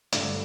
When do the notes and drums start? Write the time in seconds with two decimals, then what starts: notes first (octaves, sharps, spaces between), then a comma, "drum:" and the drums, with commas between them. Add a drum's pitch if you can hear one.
0.12 G2 D3 A3 D4, drum: hi-hat